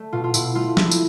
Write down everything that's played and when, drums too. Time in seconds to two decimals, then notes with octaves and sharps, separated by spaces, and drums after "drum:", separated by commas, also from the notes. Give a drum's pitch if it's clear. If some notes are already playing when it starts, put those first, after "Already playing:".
Already playing: A3
0.13 B2 F4
0.24 F4
0.34 B2 E4, drum: tambourine
0.55 A3 F4
0.77 F3 E4, drum: snare
0.91 drum: tambourine